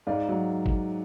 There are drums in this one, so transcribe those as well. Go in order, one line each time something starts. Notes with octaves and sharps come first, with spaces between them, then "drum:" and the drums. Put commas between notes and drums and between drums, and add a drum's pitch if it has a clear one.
G#2 D5 F5
F#3
drum: kick G1